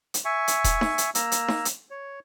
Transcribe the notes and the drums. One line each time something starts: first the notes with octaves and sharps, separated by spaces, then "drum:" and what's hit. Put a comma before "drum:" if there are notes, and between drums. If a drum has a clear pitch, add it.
drum: hi-hat
E5 G#5 C#6
drum: hi-hat
drum: kick D#1, hi-hat
drum: snare D#4
drum: hi-hat
A#3 A#5 E6, drum: hi-hat
drum: hi-hat
drum: snare D#4
drum: hi-hat
C#5